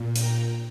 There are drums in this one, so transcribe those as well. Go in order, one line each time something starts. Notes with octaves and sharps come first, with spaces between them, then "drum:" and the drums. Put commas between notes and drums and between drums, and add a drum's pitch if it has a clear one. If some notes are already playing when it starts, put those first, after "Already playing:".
Already playing: A#2
G5 A#5, drum: hi-hat